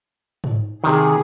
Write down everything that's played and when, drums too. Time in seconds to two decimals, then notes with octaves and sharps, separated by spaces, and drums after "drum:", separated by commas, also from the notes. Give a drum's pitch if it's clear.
0.44 drum: tom G#2
0.84 C3 D#3 G#4